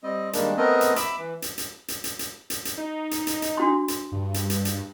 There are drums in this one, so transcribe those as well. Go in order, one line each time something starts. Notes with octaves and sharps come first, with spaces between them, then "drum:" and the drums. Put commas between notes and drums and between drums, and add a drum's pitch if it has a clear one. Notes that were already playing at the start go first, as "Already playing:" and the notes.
G3 C4 D#5
D#3 G3 G#3 A#3 D4, drum: hi-hat
A3 B3 C4 A#4 D#5
drum: hi-hat
E5 B5 D6 E6, drum: hi-hat
E3
drum: hi-hat
drum: hi-hat
drum: hi-hat
drum: hi-hat
drum: hi-hat
drum: hi-hat
drum: hi-hat
D#4
drum: hi-hat
drum: hi-hat
drum: hi-hat
D4 F#4 C6
drum: hi-hat
G2
drum: hi-hat
drum: hi-hat
drum: hi-hat